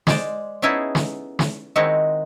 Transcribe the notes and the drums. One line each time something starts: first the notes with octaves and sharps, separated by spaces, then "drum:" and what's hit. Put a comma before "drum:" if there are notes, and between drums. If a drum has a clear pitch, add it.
G#3 C5 D5, drum: snare
B3 C#4 D#4 E4 G#4 A4
drum: snare
drum: snare
D#3 G#3 C4 D#4 E4 F#4